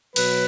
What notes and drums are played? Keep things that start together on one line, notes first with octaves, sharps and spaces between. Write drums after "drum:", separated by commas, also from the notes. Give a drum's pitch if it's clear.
B2 F#3 B4, drum: cymbal